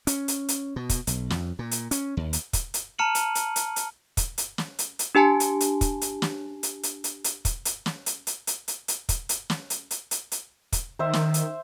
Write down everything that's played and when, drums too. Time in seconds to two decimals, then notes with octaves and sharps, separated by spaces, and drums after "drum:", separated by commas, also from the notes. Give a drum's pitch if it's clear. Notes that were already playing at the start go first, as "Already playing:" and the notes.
0.07 C#4, drum: hi-hat
0.28 drum: hi-hat
0.49 drum: hi-hat
0.76 B2
0.89 drum: kick, hi-hat
1.07 B1, drum: hi-hat
1.30 F2, drum: snare
1.59 A#2
1.71 drum: hi-hat
1.91 C#4, drum: hi-hat
2.17 D#2
2.33 drum: hi-hat
2.53 drum: kick, hi-hat
2.74 drum: hi-hat
2.99 A5 A#5 F6 C#7 D#7 F#7
3.15 drum: hi-hat
3.35 drum: hi-hat
3.56 drum: hi-hat
3.76 drum: hi-hat
4.17 drum: kick, hi-hat
4.38 drum: hi-hat
4.58 drum: snare
4.79 drum: hi-hat
4.99 drum: hi-hat
5.15 D4 G4 G#5 A5
5.40 drum: hi-hat
5.61 drum: hi-hat
5.81 drum: kick, hi-hat
6.01 drum: hi-hat
6.22 drum: snare
6.63 drum: hi-hat
6.83 drum: hi-hat
7.04 drum: hi-hat
7.24 drum: hi-hat
7.45 drum: kick, hi-hat
7.65 drum: hi-hat
7.86 drum: snare
8.06 drum: hi-hat
8.27 drum: hi-hat
8.47 drum: hi-hat
8.68 drum: hi-hat
8.88 drum: hi-hat
9.09 drum: kick, hi-hat
9.29 drum: hi-hat
9.50 drum: snare
9.70 drum: hi-hat
9.91 drum: hi-hat
10.11 drum: hi-hat
10.32 drum: hi-hat
10.72 drum: kick, hi-hat
10.99 D#3 C5 E5
11.13 drum: snare
11.34 drum: hi-hat